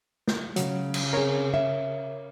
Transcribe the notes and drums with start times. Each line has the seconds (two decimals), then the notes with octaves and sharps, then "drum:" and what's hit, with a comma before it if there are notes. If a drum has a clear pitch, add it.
0.27 drum: snare
0.56 C#3 F#3, drum: hi-hat
0.94 drum: cymbal
1.13 C4 G#4 A#4 C#5
1.54 E5